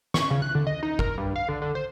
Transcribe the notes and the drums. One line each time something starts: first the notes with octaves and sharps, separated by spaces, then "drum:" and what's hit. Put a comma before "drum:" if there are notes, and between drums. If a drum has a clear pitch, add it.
C#6, drum: snare
C#3
F#6
D3
D#5
D#4
A#4, drum: kick
G2
F5
D3
D3
C5